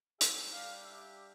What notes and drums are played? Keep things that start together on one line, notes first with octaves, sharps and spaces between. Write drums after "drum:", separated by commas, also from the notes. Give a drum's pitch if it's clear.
G3 D4 G4 E5, drum: hi-hat
F5
E5